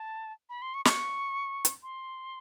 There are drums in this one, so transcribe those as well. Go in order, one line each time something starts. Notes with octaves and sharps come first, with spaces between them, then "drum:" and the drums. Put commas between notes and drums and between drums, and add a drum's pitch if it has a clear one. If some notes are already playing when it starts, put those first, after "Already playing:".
Already playing: A5
B5
C6
C#6
C#6, drum: snare
drum: hi-hat
C6